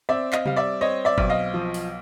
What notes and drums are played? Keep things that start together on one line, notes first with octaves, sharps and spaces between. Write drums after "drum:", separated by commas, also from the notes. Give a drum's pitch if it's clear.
C4 D5 E5
D#5 F5, drum: clap
G3 F5, drum: tom C3
D5 E5
C4 C#5 D#5
D5 E5
B1, drum: kick G1
D#5 F5
F3
drum: open hi-hat